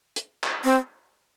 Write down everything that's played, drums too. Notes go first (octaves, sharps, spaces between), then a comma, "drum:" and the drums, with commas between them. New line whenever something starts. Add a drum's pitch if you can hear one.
drum: hi-hat
drum: clap
C4